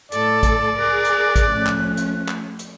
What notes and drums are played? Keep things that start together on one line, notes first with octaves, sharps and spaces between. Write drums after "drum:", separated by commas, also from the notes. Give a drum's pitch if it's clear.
A2 A4 D5, drum: hi-hat
drum: kick, hi-hat
G#4 A#4 F#6
drum: hi-hat
drum: kick, hi-hat
F3 A3 C#4
drum: clap
drum: hi-hat
drum: clap
drum: hi-hat